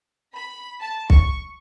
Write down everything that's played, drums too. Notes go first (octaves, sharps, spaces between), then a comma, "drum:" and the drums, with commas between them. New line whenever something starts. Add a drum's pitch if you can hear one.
B5
A5
C#6, drum: kick